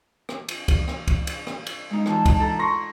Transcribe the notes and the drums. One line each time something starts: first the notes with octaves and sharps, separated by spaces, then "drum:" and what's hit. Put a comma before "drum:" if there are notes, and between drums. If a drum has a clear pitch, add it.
drum: rim click
drum: cymbal
drum: kick, cymbal
drum: rim click
drum: kick, cymbal
drum: cymbal
drum: rim click
drum: cymbal
G#3 D#4
E3 F4 A5, drum: rim click
drum: kick, cymbal
E4 A4 A#5
C6 C#6 A#6